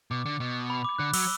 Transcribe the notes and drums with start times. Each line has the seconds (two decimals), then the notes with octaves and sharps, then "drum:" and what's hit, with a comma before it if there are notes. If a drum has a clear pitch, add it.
0.11 B2 D6
0.26 D3
0.40 B2
0.70 B5
0.84 D6
0.98 D3 F#6
1.14 F#3 E6, drum: cymbal